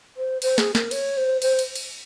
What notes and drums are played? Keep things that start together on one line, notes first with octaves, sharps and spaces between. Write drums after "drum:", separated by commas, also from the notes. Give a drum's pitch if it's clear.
C5
C5, drum: cymbal
G#4, drum: snare
A#4, drum: snare
C#5, drum: cymbal
C5
C5, drum: cymbal
drum: cymbal
drum: cymbal